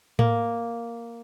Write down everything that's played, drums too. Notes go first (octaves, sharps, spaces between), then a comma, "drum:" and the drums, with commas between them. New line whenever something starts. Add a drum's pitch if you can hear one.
A#3, drum: tom A2